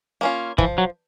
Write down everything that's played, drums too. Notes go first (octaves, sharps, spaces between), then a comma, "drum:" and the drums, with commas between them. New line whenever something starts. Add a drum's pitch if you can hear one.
A#3 C#4 F4
E3 F3, drum: kick
F#3